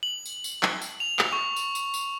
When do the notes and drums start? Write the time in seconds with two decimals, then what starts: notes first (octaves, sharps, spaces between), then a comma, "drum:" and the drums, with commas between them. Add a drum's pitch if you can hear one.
0.03 F#7
0.26 drum: tambourine
0.44 drum: tambourine
0.63 drum: clap
0.82 drum: tambourine
1.00 F7
1.19 drum: clap
1.33 C#6
1.56 drum: tambourine
1.75 drum: tambourine
1.94 drum: tambourine